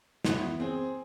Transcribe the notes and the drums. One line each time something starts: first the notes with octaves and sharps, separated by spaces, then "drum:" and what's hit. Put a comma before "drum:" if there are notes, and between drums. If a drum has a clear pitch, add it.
E3 B3, drum: snare
C4 G#4